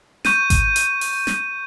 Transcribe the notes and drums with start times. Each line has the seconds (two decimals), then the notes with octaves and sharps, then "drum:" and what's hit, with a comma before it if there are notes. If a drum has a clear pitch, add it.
0.25 C#6 G6 D#7, drum: snare
0.50 drum: kick G#1, hi-hat
0.76 drum: hi-hat
1.01 drum: open hi-hat
1.27 drum: snare